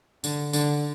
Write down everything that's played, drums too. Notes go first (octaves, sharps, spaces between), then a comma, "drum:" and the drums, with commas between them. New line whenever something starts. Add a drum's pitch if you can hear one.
D3, drum: tambourine
D3, drum: tambourine